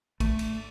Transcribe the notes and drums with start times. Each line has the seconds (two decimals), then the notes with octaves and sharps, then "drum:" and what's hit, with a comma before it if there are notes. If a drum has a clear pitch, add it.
0.20 A3, drum: kick, cymbal
0.39 drum: cymbal